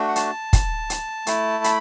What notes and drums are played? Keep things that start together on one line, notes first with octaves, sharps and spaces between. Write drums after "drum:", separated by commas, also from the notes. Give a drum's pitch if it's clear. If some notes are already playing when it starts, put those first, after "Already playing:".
Already playing: A3 D4 F#4
F#5
A5, drum: hi-hat
drum: kick, hi-hat
drum: hi-hat
A3 E4, drum: hi-hat
B5, drum: hi-hat